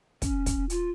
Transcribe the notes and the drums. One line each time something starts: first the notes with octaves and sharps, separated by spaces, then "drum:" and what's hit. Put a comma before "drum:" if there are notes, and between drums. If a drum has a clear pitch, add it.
C#4, drum: kick, hi-hat
drum: kick, hi-hat
F4, drum: hi-hat